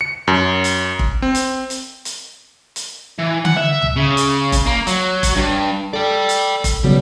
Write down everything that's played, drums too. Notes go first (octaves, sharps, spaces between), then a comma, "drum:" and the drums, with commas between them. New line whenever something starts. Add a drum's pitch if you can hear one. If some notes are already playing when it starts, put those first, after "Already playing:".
C#7
F#2
drum: hi-hat
drum: kick F1
C4
drum: hi-hat
drum: hi-hat
drum: hi-hat
drum: hi-hat
E3
F#5, drum: tom D3
E5
drum: tom C#2
C#3
drum: hi-hat
drum: kick F1, hi-hat
A#3
F#3, drum: hi-hat
drum: kick F1, hi-hat
G2
A4 D5 G5
drum: hi-hat
drum: kick F1, hi-hat
C#3 F#3 G3 B3